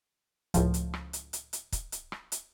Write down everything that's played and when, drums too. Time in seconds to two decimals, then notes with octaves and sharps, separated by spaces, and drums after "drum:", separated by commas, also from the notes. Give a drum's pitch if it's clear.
0.54 C#2 A2 F3, drum: kick, hi-hat
0.74 drum: hi-hat
0.94 drum: rim click
1.13 drum: hi-hat
1.33 drum: hi-hat
1.53 drum: hi-hat
1.72 drum: kick, hi-hat
1.92 drum: hi-hat
2.12 drum: rim click
2.32 drum: hi-hat